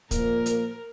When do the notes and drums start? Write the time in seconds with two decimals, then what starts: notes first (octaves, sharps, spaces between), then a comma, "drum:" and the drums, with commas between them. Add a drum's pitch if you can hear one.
0.11 A#2 F3 A#3 A#4, drum: kick, hi-hat
0.46 drum: hi-hat